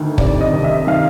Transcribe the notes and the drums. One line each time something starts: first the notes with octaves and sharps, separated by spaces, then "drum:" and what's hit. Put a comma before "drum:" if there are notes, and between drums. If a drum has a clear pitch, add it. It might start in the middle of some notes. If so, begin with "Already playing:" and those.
Already playing: D2 D#3
C3 D5, drum: kick
D#5
C3
E5
D#3 F5